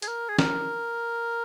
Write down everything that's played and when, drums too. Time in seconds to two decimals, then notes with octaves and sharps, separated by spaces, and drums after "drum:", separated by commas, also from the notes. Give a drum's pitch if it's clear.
0.02 G#4, drum: hi-hat
0.08 A#4
0.29 G#4
0.39 A#4, drum: snare